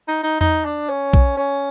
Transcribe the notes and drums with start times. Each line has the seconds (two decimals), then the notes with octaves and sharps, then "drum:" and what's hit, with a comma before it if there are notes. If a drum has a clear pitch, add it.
0.08 D#4
0.23 D#4
0.41 D#4, drum: tom E2
0.65 D4
0.89 C#4
1.13 drum: kick
1.37 C#4